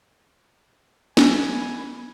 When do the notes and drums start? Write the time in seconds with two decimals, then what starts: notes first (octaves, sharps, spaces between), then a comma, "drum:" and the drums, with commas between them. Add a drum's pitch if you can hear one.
1.17 G#5 B5, drum: snare